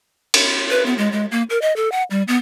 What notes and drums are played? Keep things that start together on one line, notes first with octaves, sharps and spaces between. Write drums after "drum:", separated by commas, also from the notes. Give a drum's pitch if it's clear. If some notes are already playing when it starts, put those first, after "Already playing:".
drum: cymbal
B4
B3
G#3
G#3
A#3
A#4
D#5
A4
F#5
G3
B3